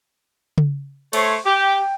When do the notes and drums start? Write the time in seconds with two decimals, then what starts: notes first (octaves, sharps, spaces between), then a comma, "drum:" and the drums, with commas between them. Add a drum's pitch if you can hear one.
0.58 drum: tom C#3
1.13 A3 C5 C#5, drum: cymbal
1.45 G4 G5